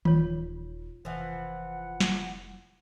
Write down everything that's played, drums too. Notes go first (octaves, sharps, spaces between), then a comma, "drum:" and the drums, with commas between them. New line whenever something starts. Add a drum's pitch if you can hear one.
D#1 D#4 F4 C#5, drum: tom D#3
F1 E3 F3 F#5
drum: snare